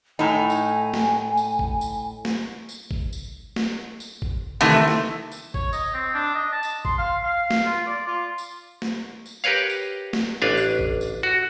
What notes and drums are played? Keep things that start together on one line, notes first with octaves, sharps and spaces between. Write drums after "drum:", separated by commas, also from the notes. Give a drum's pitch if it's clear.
A2 D#4 G#5
drum: tambourine
drum: snare
drum: tambourine
drum: kick G#1
drum: tambourine
drum: snare
drum: tambourine
drum: kick G#1
drum: tambourine
drum: snare
drum: tambourine
drum: kick G#1
C3 D#3 E3 A3
drum: snare
drum: tambourine
C#5, drum: kick G#1
D#5, drum: tambourine
C4
D4
D#5
A5
drum: tambourine
C6, drum: kick G#1
F5
F5
drum: snare
F4
D5
F4
drum: tambourine
drum: snare
drum: tambourine
G4 A#4 B4 C#5 F5
drum: tambourine
drum: snare
A1 D4 B4 F5
drum: tambourine
drum: kick G#1
drum: tambourine
F#4